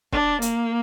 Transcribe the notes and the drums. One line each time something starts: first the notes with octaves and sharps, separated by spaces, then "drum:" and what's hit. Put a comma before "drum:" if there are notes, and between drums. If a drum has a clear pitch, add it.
D4, drum: kick
A#3, drum: hi-hat